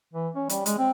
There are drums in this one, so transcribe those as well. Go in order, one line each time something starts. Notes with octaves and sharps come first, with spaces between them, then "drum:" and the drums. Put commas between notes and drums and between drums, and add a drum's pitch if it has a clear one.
E3
C#4
G3, drum: hi-hat
G#3, drum: hi-hat
C4